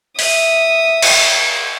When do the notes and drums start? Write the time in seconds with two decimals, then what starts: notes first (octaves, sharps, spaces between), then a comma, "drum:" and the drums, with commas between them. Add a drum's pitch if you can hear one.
0.19 E5 D#6, drum: open hi-hat
1.02 drum: cymbal